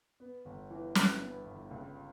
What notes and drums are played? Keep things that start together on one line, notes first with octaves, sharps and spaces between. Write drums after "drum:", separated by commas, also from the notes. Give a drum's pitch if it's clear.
B3
G1
E3
G2, drum: snare
B3
G1
C#2